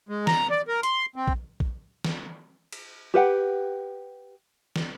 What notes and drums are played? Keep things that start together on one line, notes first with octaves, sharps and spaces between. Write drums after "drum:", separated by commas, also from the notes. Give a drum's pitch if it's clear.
G#3
A#5, drum: snare
D5
A#4
C6, drum: hi-hat
C4
drum: kick A#1
drum: kick A#1
drum: snare
drum: cymbal
G4 B4 F#5 G5
drum: snare